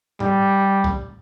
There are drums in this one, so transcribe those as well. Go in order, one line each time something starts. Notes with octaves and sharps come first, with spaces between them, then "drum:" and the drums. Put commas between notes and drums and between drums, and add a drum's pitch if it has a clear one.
G3, drum: tom G#2
drum: kick